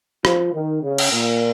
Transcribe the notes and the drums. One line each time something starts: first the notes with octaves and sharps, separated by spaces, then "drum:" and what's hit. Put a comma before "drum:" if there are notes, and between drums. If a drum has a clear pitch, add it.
F3, drum: rim click
D#3
C#3
drum: cymbal
A#2